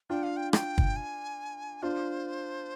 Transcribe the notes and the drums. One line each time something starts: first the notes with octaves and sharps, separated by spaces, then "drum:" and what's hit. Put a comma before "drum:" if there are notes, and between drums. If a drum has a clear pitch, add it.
D4 F4 G5
F5
G5
G5, drum: rim click
drum: kick
G#5
D4 F4 C5